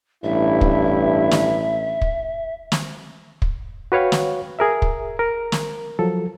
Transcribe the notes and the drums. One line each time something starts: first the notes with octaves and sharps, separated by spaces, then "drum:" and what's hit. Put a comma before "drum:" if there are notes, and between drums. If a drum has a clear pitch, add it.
A1 G2 E4 E5
drum: kick
drum: snare
drum: kick
drum: snare
drum: kick
F#4 B4 C#5 F5 G5
drum: snare
G#4 A#4 E5
drum: kick
A#4
drum: snare
F3 F#3 A4